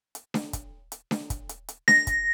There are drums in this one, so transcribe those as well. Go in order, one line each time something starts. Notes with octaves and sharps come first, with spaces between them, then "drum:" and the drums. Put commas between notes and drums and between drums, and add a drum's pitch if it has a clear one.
drum: hi-hat
drum: snare D4
drum: kick, hi-hat
drum: hi-hat
drum: snare D4
drum: kick, hi-hat
drum: hi-hat
drum: hi-hat
A#6, drum: snare D4
drum: kick, hi-hat